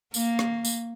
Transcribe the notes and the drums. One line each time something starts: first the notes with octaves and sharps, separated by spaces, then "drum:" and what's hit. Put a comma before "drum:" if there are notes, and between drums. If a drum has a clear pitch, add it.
A#3, drum: tambourine
drum: rim click
drum: tambourine